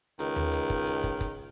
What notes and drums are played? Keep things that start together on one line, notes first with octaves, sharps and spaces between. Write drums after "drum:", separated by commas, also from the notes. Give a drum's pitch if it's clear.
C#2 D#3, drum: hi-hat
drum: tom D#2
drum: hi-hat
drum: kick
drum: hi-hat
drum: kick
drum: kick, hi-hat